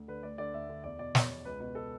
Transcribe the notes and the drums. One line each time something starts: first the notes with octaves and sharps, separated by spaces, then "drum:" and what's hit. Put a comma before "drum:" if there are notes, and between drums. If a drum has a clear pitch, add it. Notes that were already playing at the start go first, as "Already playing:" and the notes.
Already playing: D2
D3 B4
D2 D5
D3 D5
D2 E5
D3
E2 D5
B2 D5
E2 C#5, drum: snare
B2
C#2 B4
B2 B4
A4